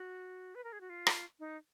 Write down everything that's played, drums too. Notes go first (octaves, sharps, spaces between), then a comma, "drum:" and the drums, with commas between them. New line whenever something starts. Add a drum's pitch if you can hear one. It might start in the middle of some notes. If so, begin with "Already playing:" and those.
Already playing: F#4
B4
A#4
G#4
F#4
F4
drum: rim click
D#4